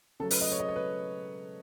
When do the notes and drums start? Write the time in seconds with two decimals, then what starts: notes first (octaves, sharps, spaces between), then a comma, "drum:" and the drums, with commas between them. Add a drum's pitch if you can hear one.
0.20 C#3 F#3 A3 A4
0.31 B4, drum: open hi-hat
0.41 D#5
0.52 C#5
0.60 D#5
0.69 C#5
0.76 B4